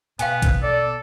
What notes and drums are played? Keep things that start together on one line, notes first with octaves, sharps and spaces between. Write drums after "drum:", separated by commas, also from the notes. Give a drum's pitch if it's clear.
B2 B3 F5 G5 G#5, drum: hi-hat
drum: kick A#1, hi-hat
A4 D5